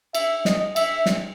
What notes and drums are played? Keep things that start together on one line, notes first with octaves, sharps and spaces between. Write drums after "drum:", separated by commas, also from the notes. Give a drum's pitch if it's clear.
E5, drum: cymbal
D#5, drum: snare
E5, drum: cymbal
drum: snare